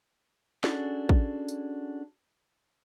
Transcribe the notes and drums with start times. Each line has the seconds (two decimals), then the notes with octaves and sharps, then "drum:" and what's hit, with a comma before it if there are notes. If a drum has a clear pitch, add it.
0.64 C#4 D4 F#4 G#4 A4, drum: snare
1.09 drum: kick
1.48 drum: tambourine